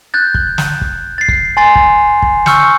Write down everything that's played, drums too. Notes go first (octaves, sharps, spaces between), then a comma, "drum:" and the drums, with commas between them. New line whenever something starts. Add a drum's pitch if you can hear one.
F#6 G6 A6
drum: kick
drum: snare
drum: kick
A6 C7
drum: kick
G#5 C6 A6 C7
drum: kick
drum: kick
C#6 E6 F6 G6 C#7, drum: snare